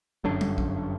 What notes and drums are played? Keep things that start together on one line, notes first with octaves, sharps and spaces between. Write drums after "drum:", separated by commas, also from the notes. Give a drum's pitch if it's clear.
G1 F#2 D3 D4
drum: tom G3
drum: kick